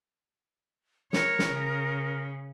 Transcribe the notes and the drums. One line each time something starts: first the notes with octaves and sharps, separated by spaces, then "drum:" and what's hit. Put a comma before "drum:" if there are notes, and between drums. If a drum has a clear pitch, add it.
A#4 C#5, drum: snare
drum: snare
C#3